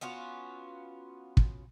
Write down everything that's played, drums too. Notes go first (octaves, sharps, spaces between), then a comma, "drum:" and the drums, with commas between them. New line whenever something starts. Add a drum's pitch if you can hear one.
B3 C#4 F4 F#4
drum: kick